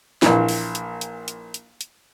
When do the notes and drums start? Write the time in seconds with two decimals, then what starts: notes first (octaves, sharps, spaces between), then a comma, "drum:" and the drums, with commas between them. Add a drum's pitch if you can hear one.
0.22 A#1 A#2 E3, drum: snare
0.49 drum: open hi-hat
0.75 drum: hi-hat
1.01 drum: hi-hat
1.28 drum: hi-hat
1.54 drum: hi-hat
1.81 drum: hi-hat